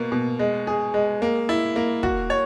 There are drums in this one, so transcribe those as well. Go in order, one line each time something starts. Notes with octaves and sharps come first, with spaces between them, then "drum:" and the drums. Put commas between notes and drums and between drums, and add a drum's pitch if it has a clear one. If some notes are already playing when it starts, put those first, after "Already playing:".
Already playing: B2 A#3
B2
G#3
G#4
G#3
A#3
E4
A#3
F#4, drum: kick
C#5